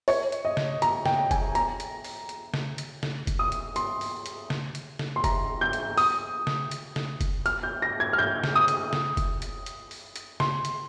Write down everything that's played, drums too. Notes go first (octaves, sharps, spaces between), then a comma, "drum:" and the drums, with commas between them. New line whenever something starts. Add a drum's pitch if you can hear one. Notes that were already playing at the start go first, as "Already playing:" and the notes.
C#5, drum: open hi-hat
drum: hi-hat
D#5
drum: snare
A#5, drum: hi-hat
G5, drum: snare
G#5, drum: kick F1, hi-hat
A#5, drum: hi-hat
drum: hi-hat
drum: open hi-hat
drum: hi-hat
drum: snare
drum: hi-hat
drum: snare
drum: kick F1, hi-hat
D#6
drum: hi-hat
C6, drum: hi-hat
drum: open hi-hat
drum: hi-hat
drum: snare
drum: hi-hat
drum: snare
C6
A#5, drum: kick F1, hi-hat
G6
drum: hi-hat
D#6, drum: open hi-hat
drum: snare
drum: hi-hat
drum: snare
drum: kick F1, hi-hat
F6, drum: hi-hat
G6
A#6
G#6
F6
G6
drum: snare
D#6
drum: hi-hat
drum: snare
drum: kick F1, hi-hat
drum: hi-hat
drum: hi-hat
drum: open hi-hat
drum: hi-hat
C6, drum: snare
drum: hi-hat